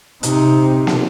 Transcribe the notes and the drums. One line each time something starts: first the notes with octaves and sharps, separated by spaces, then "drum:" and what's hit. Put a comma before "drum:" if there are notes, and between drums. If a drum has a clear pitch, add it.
C3 D#4, drum: hi-hat
drum: snare